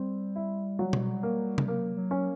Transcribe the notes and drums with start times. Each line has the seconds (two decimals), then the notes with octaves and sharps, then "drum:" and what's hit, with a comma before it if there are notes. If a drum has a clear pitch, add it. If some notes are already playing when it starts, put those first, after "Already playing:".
Already playing: G3 C4
0.36 E4
0.79 F#3
0.93 drum: tom B2
1.23 A#3
1.58 drum: tom
1.68 F#3 A#3
1.97 F#3
2.11 C#4